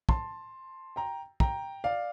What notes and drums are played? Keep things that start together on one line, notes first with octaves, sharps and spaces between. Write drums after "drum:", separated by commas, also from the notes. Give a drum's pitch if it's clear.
A5 C6, drum: kick
G5 A#5
G5 A#5, drum: kick
D5 F5